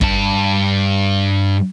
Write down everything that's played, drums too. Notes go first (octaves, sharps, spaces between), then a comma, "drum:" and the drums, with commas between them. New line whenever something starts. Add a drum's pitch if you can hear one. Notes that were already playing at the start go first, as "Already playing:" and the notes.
G2 A5, drum: kick